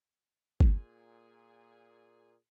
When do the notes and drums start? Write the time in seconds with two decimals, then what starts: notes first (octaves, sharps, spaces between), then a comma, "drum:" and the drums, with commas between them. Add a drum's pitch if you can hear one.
0.60 A#2 G#4, drum: kick G1